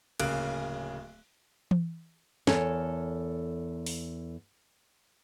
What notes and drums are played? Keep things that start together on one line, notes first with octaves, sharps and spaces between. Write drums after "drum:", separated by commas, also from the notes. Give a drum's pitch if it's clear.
D1 C#3 A#3 F#6 D7, drum: cymbal
drum: tom E3
E2 A4 A#4 C#5 G#5, drum: snare
drum: open hi-hat